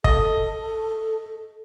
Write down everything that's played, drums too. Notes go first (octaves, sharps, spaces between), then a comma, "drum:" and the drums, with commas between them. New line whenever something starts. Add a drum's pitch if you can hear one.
A4 D#5, drum: kick